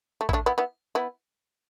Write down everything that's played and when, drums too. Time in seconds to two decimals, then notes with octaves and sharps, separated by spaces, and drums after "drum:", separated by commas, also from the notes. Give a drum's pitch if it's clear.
0.21 A3
0.29 E4, drum: kick A1
0.33 A3 D4
0.46 B3 E4
0.58 B3 E4
0.95 B3 E4